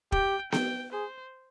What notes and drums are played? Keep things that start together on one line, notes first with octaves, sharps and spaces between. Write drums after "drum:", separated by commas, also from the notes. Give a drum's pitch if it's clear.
G4 G5, drum: kick
G5, drum: snare B3
G#4 C5